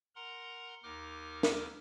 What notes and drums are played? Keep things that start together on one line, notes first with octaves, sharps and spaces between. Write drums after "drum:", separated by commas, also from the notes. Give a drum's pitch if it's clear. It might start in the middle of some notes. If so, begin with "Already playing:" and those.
A#4 F#5 A#5 C6
D#2 D#4 A#4 D6 F6
drum: snare